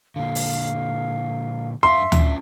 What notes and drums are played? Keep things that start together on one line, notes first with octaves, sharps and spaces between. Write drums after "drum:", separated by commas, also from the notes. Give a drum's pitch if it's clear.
A#2 D3 F5
drum: open hi-hat
F#2 D4 E5 F5 C6
C#4 D4 F4, drum: tom D2